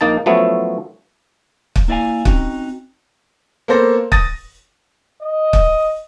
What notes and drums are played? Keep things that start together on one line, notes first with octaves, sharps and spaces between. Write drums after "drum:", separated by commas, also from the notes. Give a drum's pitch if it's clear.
A#1 A#3 D#4 A5
F3 F#3 A3 B3 C#4 E4
drum: kick
A#3 E4 D5 D#5 F5 G#5
C4 C#4 D#4 F#4, drum: kick
A#3 B3 A4 C5 A#6
D#6 A6 A#6 D#7, drum: kick
D#5
drum: kick